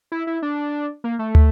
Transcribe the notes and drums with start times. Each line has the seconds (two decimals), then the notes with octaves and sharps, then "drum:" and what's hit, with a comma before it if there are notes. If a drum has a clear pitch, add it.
0.12 E4
0.27 E4
0.42 D4
1.04 A#3
1.19 A3
1.35 drum: tom